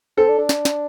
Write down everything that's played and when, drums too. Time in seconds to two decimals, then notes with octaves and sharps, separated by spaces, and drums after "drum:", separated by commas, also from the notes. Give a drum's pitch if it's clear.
0.17 C4 A4
0.28 D4
0.38 D4
0.49 drum: snare
0.65 drum: snare